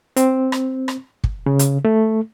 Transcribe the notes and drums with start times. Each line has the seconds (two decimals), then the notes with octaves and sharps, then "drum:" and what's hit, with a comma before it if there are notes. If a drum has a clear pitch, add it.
0.16 C4, drum: hi-hat
0.52 drum: rim click
0.88 drum: rim click
1.24 drum: kick
1.46 C#3
1.59 drum: hi-hat
1.85 A3